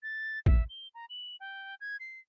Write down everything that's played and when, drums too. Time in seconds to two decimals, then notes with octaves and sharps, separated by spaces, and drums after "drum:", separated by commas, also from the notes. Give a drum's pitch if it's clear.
0.03 A6
0.46 E5, drum: kick
0.69 G7
0.95 A#5
1.10 F#7
1.40 G5
1.80 G#6
2.00 C7